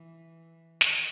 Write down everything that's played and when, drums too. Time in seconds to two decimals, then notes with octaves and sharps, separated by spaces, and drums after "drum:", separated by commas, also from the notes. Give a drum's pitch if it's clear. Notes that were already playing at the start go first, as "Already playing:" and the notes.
Already playing: E3
0.81 D#3, drum: snare